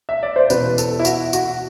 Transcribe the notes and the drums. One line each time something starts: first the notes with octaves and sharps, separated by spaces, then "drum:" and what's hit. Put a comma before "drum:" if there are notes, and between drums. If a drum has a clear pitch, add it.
E5
D5
C5
E2 B2 B4, drum: tambourine
A4, drum: tambourine
E4
F#4, drum: tambourine
F#4, drum: tambourine